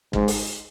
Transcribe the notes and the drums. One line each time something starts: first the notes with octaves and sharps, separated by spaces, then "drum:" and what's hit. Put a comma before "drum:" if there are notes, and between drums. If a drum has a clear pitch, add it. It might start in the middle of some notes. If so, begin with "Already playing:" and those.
G#2, drum: kick
drum: open hi-hat